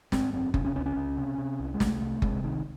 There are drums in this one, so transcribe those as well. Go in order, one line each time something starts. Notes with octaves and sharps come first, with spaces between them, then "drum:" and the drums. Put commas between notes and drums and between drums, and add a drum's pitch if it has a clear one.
G#1 C4, drum: snare
F#2 C4
C3 C#4, drum: kick F#1
C#4
C#2 C#4
C#4
C#2
C3
C3
C2
G#3
C2 A3, drum: snare
C3
C3 G#3, drum: kick F#1
C2 D#3